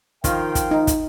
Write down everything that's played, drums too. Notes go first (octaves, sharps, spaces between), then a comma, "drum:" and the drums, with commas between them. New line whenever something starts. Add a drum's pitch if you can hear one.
D#3 F3 A#4 F5 G5, drum: kick, hi-hat
drum: kick, hi-hat
D#4
drum: kick, hi-hat